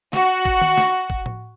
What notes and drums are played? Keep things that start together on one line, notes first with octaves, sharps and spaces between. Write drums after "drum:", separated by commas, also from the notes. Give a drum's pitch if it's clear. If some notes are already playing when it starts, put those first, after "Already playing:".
F#4, drum: snare
drum: kick
drum: tom D#3
drum: snare
drum: kick
drum: tom A2